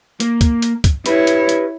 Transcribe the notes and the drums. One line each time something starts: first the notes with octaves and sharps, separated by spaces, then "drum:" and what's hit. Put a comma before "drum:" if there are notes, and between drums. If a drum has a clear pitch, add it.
A#3, drum: hi-hat
drum: kick, hi-hat
drum: hi-hat
drum: kick, hi-hat
E4 G4 B4 C#5, drum: hi-hat
drum: hi-hat
drum: hi-hat